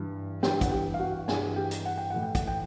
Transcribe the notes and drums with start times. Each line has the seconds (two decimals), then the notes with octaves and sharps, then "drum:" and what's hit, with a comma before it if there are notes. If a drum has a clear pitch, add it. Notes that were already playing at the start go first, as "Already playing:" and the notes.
Already playing: G2 E3
0.43 G2 E3 G4 G5, drum: snare
0.61 F#5, drum: kick, hi-hat
0.71 G4 G5
0.94 F5
0.99 F#4 F#5
1.28 G2 E3 G#4 G#5, drum: snare
1.56 G4 G5
1.71 drum: hi-hat
1.86 F#5
1.98 G5
2.10 A2 E3 F#5
2.23 G5
2.35 F#5, drum: kick, hi-hat
2.48 G5